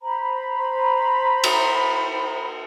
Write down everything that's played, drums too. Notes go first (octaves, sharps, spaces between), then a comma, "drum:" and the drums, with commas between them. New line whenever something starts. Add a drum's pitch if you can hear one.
C5 A#5 B5
drum: cymbal